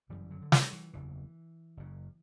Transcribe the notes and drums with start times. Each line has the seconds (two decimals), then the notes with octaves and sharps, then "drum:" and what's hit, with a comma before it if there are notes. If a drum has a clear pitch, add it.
0.09 G1 F#2 C#3 E3 G3
0.30 D3 F#3
0.42 D3
0.52 E3, drum: snare
0.73 E3
0.94 F#1 E2 C#3 E3
1.77 F#1 F#2 C#3